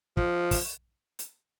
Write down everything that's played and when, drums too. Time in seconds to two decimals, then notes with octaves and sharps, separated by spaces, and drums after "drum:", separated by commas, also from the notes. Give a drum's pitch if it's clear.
0.17 F3, drum: kick
0.51 drum: kick, open hi-hat
1.19 drum: hi-hat